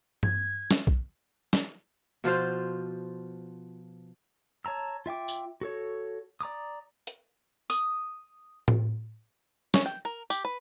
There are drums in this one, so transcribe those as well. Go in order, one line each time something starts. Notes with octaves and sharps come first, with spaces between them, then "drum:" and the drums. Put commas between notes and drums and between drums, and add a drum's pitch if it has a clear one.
G#6, drum: tom G2
drum: snare
drum: kick B1
drum: snare
B2 F3 F4 C5
C#5 A5 A#5 E6
F4 E5 G5 D6
drum: tambourine
F#4 A4 C#5
D5 A#5 D6 D#6
drum: hi-hat
D#6, drum: tambourine
drum: tom A2
C#4, drum: snare
G5
A#4
G4, drum: tambourine
B4